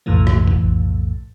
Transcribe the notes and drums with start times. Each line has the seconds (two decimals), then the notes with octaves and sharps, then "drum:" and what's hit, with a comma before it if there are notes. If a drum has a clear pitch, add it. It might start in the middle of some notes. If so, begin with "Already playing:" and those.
0.06 B1 F2 A2 E3 A3
0.27 drum: rim click
0.48 drum: kick